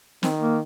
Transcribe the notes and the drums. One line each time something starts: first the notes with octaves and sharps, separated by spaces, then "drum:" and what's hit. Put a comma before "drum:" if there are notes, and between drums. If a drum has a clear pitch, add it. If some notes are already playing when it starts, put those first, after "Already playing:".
D#3 C4, drum: snare
A#3